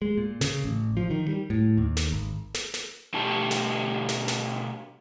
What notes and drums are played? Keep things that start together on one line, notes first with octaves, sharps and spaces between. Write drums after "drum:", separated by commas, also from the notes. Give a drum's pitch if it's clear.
G#3
A#2
C#3, drum: snare
A1
F3
D#3
G3
A2
D#2
drum: snare
G#1
drum: snare
drum: snare
B2 A3 D4 F#4 G4 A5
drum: snare
drum: snare
drum: snare